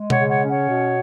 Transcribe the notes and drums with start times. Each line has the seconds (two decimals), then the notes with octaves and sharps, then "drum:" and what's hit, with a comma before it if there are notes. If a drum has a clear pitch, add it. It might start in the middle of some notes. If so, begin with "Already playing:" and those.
Already playing: G#3
0.10 C#5 F#5, drum: tom B2
0.17 C#3
0.29 C#5 F#5
0.42 C#4
0.49 C#5 F#5
0.68 B2